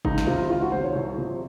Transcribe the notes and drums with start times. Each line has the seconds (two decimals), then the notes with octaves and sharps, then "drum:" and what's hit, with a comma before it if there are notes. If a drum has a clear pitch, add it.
0.05 C#2 D#4, drum: kick G1
0.18 drum: snare
0.27 C3 D#3 F4
0.50 C#2 F4
0.61 F#4
0.72 C3 D#3 C5
0.84 C#5
0.95 C2
1.18 C3 F3